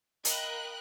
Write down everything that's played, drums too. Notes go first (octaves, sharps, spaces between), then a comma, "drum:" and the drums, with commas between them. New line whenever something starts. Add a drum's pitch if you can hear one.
A#4 D#5 F5 G5 B5 F#6, drum: hi-hat